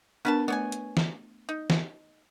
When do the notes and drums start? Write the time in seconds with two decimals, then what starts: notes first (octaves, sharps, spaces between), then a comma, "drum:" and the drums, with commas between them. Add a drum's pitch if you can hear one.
0.25 B3 C#4 D4 A#4 B4 A5
0.48 A3 B3 C#5 G#5
0.72 drum: hi-hat
0.97 drum: snare
1.49 D#4
1.70 drum: snare